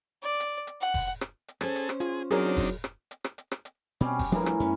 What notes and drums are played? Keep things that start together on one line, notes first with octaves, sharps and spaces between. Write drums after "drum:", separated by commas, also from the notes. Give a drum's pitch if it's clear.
D5
drum: hi-hat
drum: hi-hat
F#5
drum: kick F1, open hi-hat
drum: rim click
drum: hi-hat
C#4 G#4 A4 C5, drum: rim click
drum: hi-hat
drum: rim click
F4 G#4, drum: hi-hat
F#3 C4 D4 D#4 G#4 A#4 C#5, drum: hi-hat
drum: kick F1, open hi-hat
drum: rim click
drum: hi-hat
drum: rim click
drum: hi-hat
drum: rim click
drum: hi-hat
B2 G3 C4 C#4
drum: kick F1, open hi-hat
A2 E3 F3 G3 D4 A#4
drum: rim click
F#2 B3 C#4